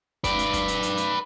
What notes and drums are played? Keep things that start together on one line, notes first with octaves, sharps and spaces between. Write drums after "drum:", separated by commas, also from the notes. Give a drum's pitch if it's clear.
B4 D5, drum: kick, hi-hat
drum: hi-hat
drum: kick, hi-hat
drum: hi-hat
drum: hi-hat
drum: hi-hat